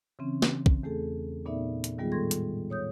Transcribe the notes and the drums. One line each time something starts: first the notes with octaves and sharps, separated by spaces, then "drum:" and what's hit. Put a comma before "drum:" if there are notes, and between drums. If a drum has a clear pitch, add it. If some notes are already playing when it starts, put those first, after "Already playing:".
C#3 E3 C4 C#4
drum: snare
drum: kick
E2 A3 G#4 A4
A#2 B3 D#4 D5 E5
drum: hi-hat
D#3 G3 G#3 B3 F4 G#4
A2 A4 C6 G#6 A#6
drum: hi-hat
C#5 D#6 G6